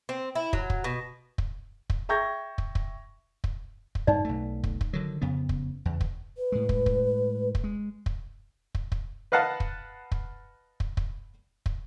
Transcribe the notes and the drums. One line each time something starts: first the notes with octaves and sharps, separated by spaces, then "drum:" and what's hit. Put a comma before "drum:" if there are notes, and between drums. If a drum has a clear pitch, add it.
C4
E4
F#3, drum: kick
drum: kick
B2
drum: kick
drum: kick
E5 G5 C#6 G6 G#6 A#6
drum: kick
drum: kick
drum: kick
drum: kick
G2 D#4 D5
B1 A3
drum: kick
drum: kick
D3 D#3 F#3
F2 C#3 B3
drum: kick
E2 C#3
drum: kick
B4
A2 G#3
drum: kick
drum: kick
drum: kick
G#3
drum: kick
drum: kick
drum: kick
B4 D#5 F5 F#5 A5
drum: kick
drum: kick
drum: kick
drum: kick
drum: kick